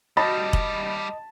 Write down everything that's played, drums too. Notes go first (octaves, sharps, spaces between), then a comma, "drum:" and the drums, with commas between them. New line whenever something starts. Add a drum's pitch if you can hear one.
G3 D#4 D#5 A5 B5
drum: kick